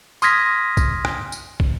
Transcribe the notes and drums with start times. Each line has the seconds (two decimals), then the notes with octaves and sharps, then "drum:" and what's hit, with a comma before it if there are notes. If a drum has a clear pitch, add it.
0.22 C6 D#6 F6 G#6 A#6 B6, drum: tambourine
0.77 drum: kick, tambourine
1.05 drum: rim click
1.32 drum: tambourine
1.60 drum: kick